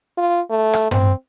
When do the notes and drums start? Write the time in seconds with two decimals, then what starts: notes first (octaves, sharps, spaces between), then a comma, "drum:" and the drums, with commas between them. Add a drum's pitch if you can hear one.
0.17 F4
0.50 A3
0.73 drum: rim click
0.91 C4, drum: tom G2